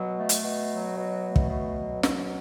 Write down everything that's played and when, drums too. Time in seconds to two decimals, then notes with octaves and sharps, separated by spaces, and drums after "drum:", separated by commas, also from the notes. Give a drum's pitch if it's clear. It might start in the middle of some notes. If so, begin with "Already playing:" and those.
Already playing: B2 F#3
0.17 A3
0.29 drum: hi-hat
0.44 B2
0.71 F#3
0.97 B2
1.23 A3
1.36 drum: kick
1.49 B2
1.76 F#3
2.03 B2, drum: snare